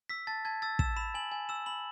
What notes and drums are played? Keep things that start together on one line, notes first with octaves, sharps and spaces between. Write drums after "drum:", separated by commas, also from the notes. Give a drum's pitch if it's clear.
E6 B6
A5 A6
A5 G#6
E6 A6
E6 E7, drum: kick
B5 E7
G#5 F#7
G#5
E6 E7
B5 F#7